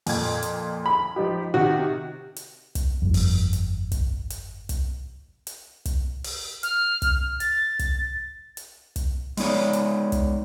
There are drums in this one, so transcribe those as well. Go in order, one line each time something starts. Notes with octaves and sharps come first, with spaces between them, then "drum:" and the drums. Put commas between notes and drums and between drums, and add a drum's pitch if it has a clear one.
F2 A#2 G#6, drum: open hi-hat
drum: hi-hat
B5
F3 D#4 G4
C3 D#3 F#4
drum: hi-hat
drum: kick, hi-hat
G1 F2
drum: open hi-hat
drum: hi-hat
drum: kick, hi-hat
drum: hi-hat
drum: kick, hi-hat
drum: hi-hat
drum: kick, hi-hat
drum: open hi-hat
F6, drum: hi-hat
drum: kick, hi-hat
A6, drum: hi-hat
drum: kick, hi-hat
drum: hi-hat
drum: kick, hi-hat
G#3 B3 D#4 C#5 D5, drum: open hi-hat
drum: hi-hat
drum: kick, hi-hat